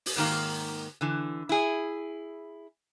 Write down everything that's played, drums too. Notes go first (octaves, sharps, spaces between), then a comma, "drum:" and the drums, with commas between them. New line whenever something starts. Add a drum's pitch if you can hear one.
drum: open hi-hat
G#2 D#3 A#3
D3 E3
E4 G#4